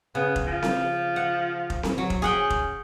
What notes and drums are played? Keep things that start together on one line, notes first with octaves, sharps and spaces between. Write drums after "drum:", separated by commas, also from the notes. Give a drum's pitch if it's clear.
C#3 B3
drum: kick F1
F3
drum: snare C4
F#5
drum: kick F1
drum: snare C4
F#3
drum: kick F1
C#4 G#4 F#5 G5
drum: kick F1